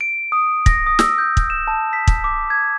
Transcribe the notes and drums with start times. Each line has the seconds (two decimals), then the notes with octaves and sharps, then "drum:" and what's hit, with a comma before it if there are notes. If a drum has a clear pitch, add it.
0.01 D7
0.32 D#6
0.66 A#6, drum: kick
0.86 D#6
0.99 E6, drum: snare
1.18 G6
1.37 drum: kick
1.50 E7
1.68 A5
1.93 B6
2.08 drum: kick
2.24 D6
2.50 G#6